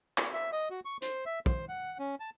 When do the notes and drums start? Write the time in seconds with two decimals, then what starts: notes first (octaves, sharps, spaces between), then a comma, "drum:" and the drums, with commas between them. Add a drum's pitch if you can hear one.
0.18 drum: clap
0.34 E5
0.52 D#5
0.70 F#4
0.85 C#6
1.02 C5, drum: hi-hat
1.26 E5
1.46 C5, drum: kick
1.69 F#5
1.99 C#4
2.20 A5